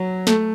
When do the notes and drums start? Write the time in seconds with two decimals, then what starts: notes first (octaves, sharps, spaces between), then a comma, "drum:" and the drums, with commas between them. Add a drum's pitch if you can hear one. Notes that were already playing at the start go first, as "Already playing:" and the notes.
Already playing: F#3
0.27 A3, drum: snare